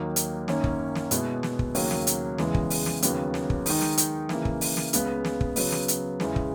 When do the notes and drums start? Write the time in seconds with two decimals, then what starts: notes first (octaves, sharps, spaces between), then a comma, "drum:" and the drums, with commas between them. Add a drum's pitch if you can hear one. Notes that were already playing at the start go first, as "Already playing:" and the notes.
Already playing: D#2 D#3 F#3 A#3 D#4
0.16 drum: hi-hat
0.48 F#2 D#3 A#3 C#4, drum: snare
0.64 drum: kick
0.95 drum: snare
1.11 B2 G#3 B3 E4, drum: hi-hat
1.43 drum: snare
1.59 drum: kick
1.75 D#2 C#3 F#3 A#3, drum: open hi-hat
1.91 drum: snare
2.07 drum: hi-hat
2.38 E2 C#3 E3 G#3 B3, drum: snare
2.54 drum: kick
2.70 drum: open hi-hat
2.86 drum: snare
3.02 D#2 C#3 F#3 B3, drum: hi-hat
3.34 drum: snare
3.50 drum: kick
3.66 D#3 G#3 D#4, drum: open hi-hat
3.82 drum: snare
3.97 drum: hi-hat
4.29 C#3 E3 A#3, drum: snare
4.45 drum: kick
4.61 drum: open hi-hat
4.77 drum: snare
4.93 C#2 C#3 G#3 B3, drum: hi-hat
5.25 drum: snare
5.41 drum: kick
5.56 C#3 F#3 B3, drum: open hi-hat
5.72 drum: snare
5.88 drum: hi-hat
6.20 E2 C#3 E3 G#3, drum: snare
6.36 drum: kick